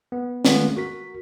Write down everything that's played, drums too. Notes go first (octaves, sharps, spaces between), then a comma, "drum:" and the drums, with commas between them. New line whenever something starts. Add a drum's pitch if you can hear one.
B3
D#3 G#3 A3 B3 C#4 F4, drum: snare
F#4 A#4 B6